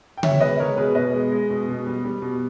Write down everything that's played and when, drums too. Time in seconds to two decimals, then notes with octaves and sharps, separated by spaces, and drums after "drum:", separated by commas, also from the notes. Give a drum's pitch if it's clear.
0.17 G5
0.23 B2 C#5 E5, drum: tom C#3
0.40 G#3 B4 D#5
0.59 G#3 A#4 C#5
0.77 B2 G#4 B4
0.95 B2 B4 D#5
1.13 G#3
1.31 G#3
1.50 B2
1.69 B2
1.86 G3
2.05 G3
2.22 B2